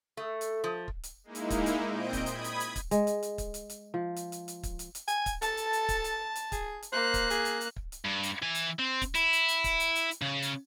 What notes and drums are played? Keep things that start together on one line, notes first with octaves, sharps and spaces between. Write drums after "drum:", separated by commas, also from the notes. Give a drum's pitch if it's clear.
A3
drum: hi-hat
F3
drum: kick
drum: hi-hat
G#3 A#3 D#4 E4
drum: hi-hat
drum: kick, hi-hat
drum: hi-hat
A#2 C4 D#5 G6 D7
drum: kick, hi-hat
B5 D#6 G#6, drum: hi-hat
drum: hi-hat
drum: hi-hat
drum: kick, hi-hat
G#3, drum: hi-hat
drum: hi-hat
drum: hi-hat
drum: kick, hi-hat
drum: hi-hat
drum: hi-hat
F3
drum: hi-hat
drum: hi-hat
drum: hi-hat
drum: kick, hi-hat
drum: hi-hat
drum: hi-hat
G#5, drum: hi-hat
drum: kick, hi-hat
A4 A5, drum: hi-hat
drum: hi-hat
drum: hi-hat
drum: kick, hi-hat
drum: hi-hat
drum: hi-hat
G#4, drum: kick, hi-hat
drum: hi-hat
A#3 C5 F#6
drum: kick, hi-hat
G#4, drum: hi-hat
drum: hi-hat
drum: hi-hat
drum: kick
drum: hi-hat
G2
drum: hi-hat
E3 G#5
drum: hi-hat
C4
drum: kick, hi-hat
E4, drum: hi-hat
drum: hi-hat
drum: hi-hat
drum: kick, hi-hat
drum: hi-hat
drum: hi-hat
drum: hi-hat
C#3
drum: hi-hat